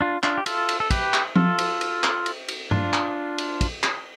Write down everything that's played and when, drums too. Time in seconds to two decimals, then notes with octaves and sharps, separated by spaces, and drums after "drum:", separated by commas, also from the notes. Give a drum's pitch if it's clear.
0.01 D4 F4
0.23 D4 F4, drum: clap
0.38 G4
0.46 F4 A4, drum: cymbal
0.69 drum: cymbal
0.80 A4
0.90 G4 B4, drum: kick, cymbal
1.14 drum: clap
1.36 F4 A4, drum: tom F3
1.59 drum: cymbal
1.81 drum: cymbal
2.03 drum: clap
2.26 drum: cymbal
2.48 drum: cymbal
2.71 D4 F4, drum: tom G2
2.93 drum: clap
3.38 drum: cymbal
3.61 drum: kick, cymbal
3.83 drum: clap